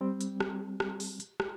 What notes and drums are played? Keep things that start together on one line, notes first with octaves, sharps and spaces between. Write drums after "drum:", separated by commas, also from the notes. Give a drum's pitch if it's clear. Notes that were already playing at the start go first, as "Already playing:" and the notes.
G3 C4
drum: hi-hat
drum: rim click
drum: rim click
drum: open hi-hat
drum: hi-hat
drum: rim click